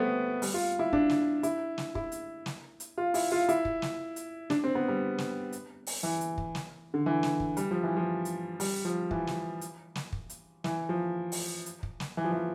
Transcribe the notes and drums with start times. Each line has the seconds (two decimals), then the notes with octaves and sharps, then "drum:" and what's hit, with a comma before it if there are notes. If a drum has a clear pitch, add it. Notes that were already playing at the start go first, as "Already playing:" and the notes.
Already playing: G3 A3 B3 C4
0.42 G3, drum: open hi-hat
0.54 F4
0.79 E4
0.93 D4, drum: kick
1.09 drum: snare
1.43 E4, drum: hi-hat
1.78 drum: snare
1.95 E4, drum: kick
2.12 drum: hi-hat
2.46 drum: snare
2.80 drum: hi-hat
2.98 F4
3.14 E4, drum: open hi-hat
3.32 F4
3.49 E4, drum: hi-hat
3.65 drum: kick
3.82 drum: snare
4.16 drum: hi-hat
4.50 D4, drum: snare
4.64 C4
4.75 B3
4.88 G3
5.18 drum: snare
5.52 drum: hi-hat
5.87 drum: open hi-hat
6.03 E3
6.21 drum: hi-hat
6.38 drum: kick
6.55 drum: snare
6.94 D3
7.06 E3
7.23 drum: snare
7.40 drum: kick
7.57 G3, drum: hi-hat
7.71 F3
7.83 E3
7.96 F3
8.25 drum: hi-hat
8.60 G3, drum: open hi-hat
8.85 F3
9.11 E3, drum: kick
9.27 drum: snare
9.61 drum: hi-hat
9.95 drum: snare
10.13 drum: kick
10.30 drum: hi-hat
10.64 E3, drum: snare
10.89 F3
11.32 drum: open hi-hat
11.66 drum: hi-hat
11.83 drum: kick
12.00 drum: snare
12.17 E3
12.24 F3
12.32 E3